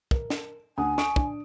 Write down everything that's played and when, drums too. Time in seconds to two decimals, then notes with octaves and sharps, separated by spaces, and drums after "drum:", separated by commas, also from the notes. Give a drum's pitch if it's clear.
0.11 A#4, drum: kick
0.30 drum: snare
0.78 D2 F#5 G#5 D#6
0.98 C#6 D#6 D7, drum: snare
1.16 D4, drum: kick